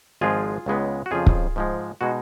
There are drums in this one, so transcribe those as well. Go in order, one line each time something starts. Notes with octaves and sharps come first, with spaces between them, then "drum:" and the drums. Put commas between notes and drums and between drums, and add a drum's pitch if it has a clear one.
G#1 G#2 F3 G#3 F4 G#4
C#2 C#3 G#3 B3
F#4
F2 C#3 F3 F4 G#4
drum: kick
G#2 F3 G#3
B2 G#3 D#4 F#4